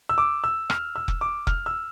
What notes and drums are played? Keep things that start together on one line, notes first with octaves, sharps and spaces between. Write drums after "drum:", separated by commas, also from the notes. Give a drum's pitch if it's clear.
E6
D6
E6
F6, drum: rim click
E6
drum: kick F1
D6
F6, drum: kick F1
E6